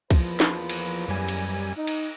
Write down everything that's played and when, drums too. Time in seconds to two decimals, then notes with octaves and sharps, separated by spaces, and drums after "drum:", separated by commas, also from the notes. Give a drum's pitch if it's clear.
0.11 E2 F3 A#3 B4, drum: kick, cymbal
0.40 drum: snare
0.69 drum: cymbal
1.08 F#2 G3 G#5
1.28 drum: cymbal
1.76 D#4
1.87 drum: cymbal